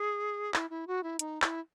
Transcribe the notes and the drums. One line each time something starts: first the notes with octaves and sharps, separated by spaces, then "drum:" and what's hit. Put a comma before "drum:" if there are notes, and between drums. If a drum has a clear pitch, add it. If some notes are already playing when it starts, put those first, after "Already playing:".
Already playing: G#4
E4, drum: clap
E4
F#4
E4
D#4, drum: hi-hat
E4, drum: clap